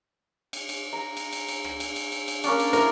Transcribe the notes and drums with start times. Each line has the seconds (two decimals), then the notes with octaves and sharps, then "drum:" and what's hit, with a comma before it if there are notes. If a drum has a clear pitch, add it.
0.53 drum: cymbal
0.69 drum: cymbal
0.93 A#5
1.17 drum: cymbal
1.33 drum: cymbal
1.48 drum: cymbal
1.64 drum: rim click
1.80 drum: cymbal
1.96 drum: cymbal
2.12 drum: cymbal
2.28 drum: cymbal
2.44 A#3 C#4 D4, drum: cymbal
2.60 drum: cymbal
2.73 D4 E4 A#4, drum: cymbal